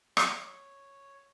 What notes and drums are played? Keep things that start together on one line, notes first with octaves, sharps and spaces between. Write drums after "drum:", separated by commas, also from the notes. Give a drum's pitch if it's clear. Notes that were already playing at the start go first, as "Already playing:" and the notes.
C#5, drum: rim click